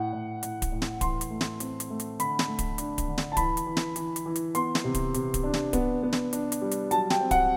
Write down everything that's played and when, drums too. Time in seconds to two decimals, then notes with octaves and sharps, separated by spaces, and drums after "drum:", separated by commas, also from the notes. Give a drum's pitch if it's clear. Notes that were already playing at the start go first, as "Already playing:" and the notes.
Already playing: A2 F#5
0.12 A2
0.43 A2, drum: hi-hat
0.62 drum: kick D1, hi-hat
0.72 A2
0.82 drum: snare
1.01 E3 C6, drum: kick D1, hi-hat
1.21 drum: hi-hat
1.30 A3
1.41 drum: snare
1.60 C4, drum: hi-hat
1.80 drum: hi-hat
1.90 A3
2.00 drum: hi-hat
2.20 D3 B5, drum: hi-hat
2.39 drum: snare
2.48 A3
2.59 drum: kick D1, hi-hat
2.78 D4, drum: hi-hat
2.98 drum: kick D1, hi-hat
3.08 D3
3.18 drum: snare
3.32 A5
3.37 E3 B5, drum: kick D1, hi-hat
3.57 drum: hi-hat
3.67 E3
3.77 drum: snare
3.96 E3, drum: hi-hat
4.16 drum: hi-hat
4.26 E3
4.36 drum: hi-hat
4.55 B3 C6, drum: hi-hat
4.75 drum: snare
4.84 C3
4.95 drum: kick D1, hi-hat
5.14 C3, drum: hi-hat
5.34 drum: kick D1, hi-hat
5.43 D4
5.54 drum: snare
5.73 B3, drum: kick D1, hi-hat
6.03 B3
6.13 drum: snare
6.33 D4, drum: hi-hat
6.52 drum: hi-hat
6.62 G3
6.71 drum: hi-hat
6.91 F#3 A5, drum: hi-hat
7.10 G5, drum: snare
7.21 C4
7.31 F#5, drum: kick D1, hi-hat